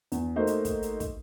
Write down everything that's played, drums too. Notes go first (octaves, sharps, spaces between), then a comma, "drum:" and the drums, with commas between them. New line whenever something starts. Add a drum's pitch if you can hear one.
E2, drum: hi-hat
A3 A#3 D#4 F#4 C5
drum: hi-hat
drum: kick, hi-hat
drum: hi-hat
drum: kick, hi-hat